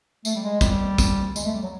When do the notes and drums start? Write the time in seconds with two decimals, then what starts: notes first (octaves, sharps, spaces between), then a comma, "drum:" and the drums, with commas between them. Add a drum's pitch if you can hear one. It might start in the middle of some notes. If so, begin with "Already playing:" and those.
0.25 A3, drum: tambourine
0.36 G3
0.43 G#3
0.61 G3, drum: kick, tambourine
0.98 drum: kick, tambourine
1.36 G#3, drum: tambourine
1.45 A3
1.54 G3
1.63 F#3